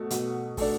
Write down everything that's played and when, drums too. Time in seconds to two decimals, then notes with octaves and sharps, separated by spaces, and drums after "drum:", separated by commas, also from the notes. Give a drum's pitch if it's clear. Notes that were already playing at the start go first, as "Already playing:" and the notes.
Already playing: B2 A3
0.10 B2, drum: hi-hat
0.57 A3 D4, drum: kick, open hi-hat